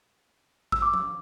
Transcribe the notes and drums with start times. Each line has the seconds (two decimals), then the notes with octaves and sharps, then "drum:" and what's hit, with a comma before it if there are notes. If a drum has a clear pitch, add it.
0.72 E6, drum: kick
0.82 D6
0.94 drum: tom F3